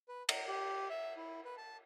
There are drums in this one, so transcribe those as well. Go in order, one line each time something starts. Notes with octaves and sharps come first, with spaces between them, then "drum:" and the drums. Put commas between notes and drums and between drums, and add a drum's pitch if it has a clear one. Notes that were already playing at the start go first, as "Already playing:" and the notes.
B4
A#5, drum: cymbal
G4
E5
E4
B4
A5